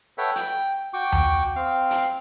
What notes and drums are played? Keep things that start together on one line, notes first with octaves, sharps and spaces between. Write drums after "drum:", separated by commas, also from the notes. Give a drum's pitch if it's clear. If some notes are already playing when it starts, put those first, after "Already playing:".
A4 B4 C#5 E5 F#5 G5
G5, drum: hi-hat
F#4 G5 C#6 D6
drum: tom D#2
C4 F5
drum: hi-hat